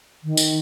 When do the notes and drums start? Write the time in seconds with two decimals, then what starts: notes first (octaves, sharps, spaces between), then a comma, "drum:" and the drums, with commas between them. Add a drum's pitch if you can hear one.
0.24 D#3
0.37 drum: tambourine